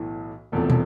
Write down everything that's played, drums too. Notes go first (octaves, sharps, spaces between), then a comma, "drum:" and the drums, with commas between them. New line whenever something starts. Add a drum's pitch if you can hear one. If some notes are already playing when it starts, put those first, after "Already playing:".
Already playing: B1 A2 E3
E1 E2 C3 F3 A3
drum: tom